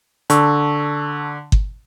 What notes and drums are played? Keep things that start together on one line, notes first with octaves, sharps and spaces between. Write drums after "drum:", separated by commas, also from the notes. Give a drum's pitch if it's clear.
D3 A5 C#6 E6, drum: hi-hat
drum: kick G1